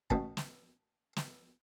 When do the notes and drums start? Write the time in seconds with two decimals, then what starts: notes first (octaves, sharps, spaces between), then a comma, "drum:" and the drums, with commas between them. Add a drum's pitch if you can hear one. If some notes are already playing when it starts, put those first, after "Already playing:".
0.10 A1 B2 A5, drum: kick
0.37 drum: snare
1.16 drum: snare